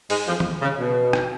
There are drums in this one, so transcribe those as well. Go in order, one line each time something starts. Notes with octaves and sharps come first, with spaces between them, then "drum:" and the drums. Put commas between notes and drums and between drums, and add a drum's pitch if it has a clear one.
G#2 G#3, drum: open hi-hat
F2 F3
drum: tom
C#3
B2
drum: rim click